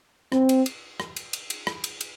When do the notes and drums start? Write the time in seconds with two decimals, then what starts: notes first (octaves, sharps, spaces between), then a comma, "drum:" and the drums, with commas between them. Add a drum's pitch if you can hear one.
0.32 C4, drum: rim click
0.49 drum: cymbal
0.66 drum: cymbal
1.00 drum: rim click
1.16 drum: cymbal
1.33 drum: cymbal
1.50 drum: cymbal
1.67 drum: rim click
1.84 drum: cymbal
2.01 drum: cymbal